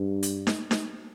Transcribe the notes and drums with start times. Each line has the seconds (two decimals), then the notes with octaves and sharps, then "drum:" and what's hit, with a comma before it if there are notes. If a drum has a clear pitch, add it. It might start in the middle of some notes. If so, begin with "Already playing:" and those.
Already playing: G2
0.23 drum: hi-hat
0.47 drum: snare D#4
0.71 drum: snare D#4